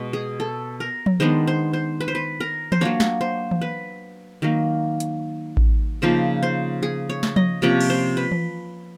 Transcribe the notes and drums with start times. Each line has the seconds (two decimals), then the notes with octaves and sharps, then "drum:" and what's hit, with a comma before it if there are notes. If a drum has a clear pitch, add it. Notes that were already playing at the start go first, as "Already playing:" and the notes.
Already playing: B2 G#3
0.13 G#4
0.40 A4
0.80 A#4
1.06 drum: tom F3
1.20 D#3 G#3 B3 D4 C5
1.47 C5
1.73 C5
2.01 B4
2.08 C5
2.15 B4
2.40 A#4
2.72 C5, drum: tom E3
2.81 F#3 A#3 D4 C#5
3.00 drum: snare
3.21 C5
3.51 drum: tom E3
3.61 B4
4.42 D#3 F#3 A#3
5.00 drum: hi-hat
5.57 drum: kick A1
6.02 C#3 F3 A#3 D#4 C5
6.43 C5
6.83 G#4
7.10 C#5
7.23 drum: snare
7.36 D#5, drum: tom F3
7.62 C3 F3 A#3 C#4 D5
7.81 drum: cymbal
7.90 C5
8.17 B4
8.31 drum: tom E3